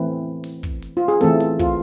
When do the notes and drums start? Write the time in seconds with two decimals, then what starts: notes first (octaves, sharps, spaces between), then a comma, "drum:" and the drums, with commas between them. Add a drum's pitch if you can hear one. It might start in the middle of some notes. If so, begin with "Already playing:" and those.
Already playing: E3 A3 C4 B4
0.44 drum: open hi-hat
0.63 drum: kick, hi-hat
0.82 drum: hi-hat
0.97 F4
1.08 G#4
1.21 E3 A3 C4 A4, drum: hi-hat
1.40 drum: hi-hat
1.59 F4, drum: kick, hi-hat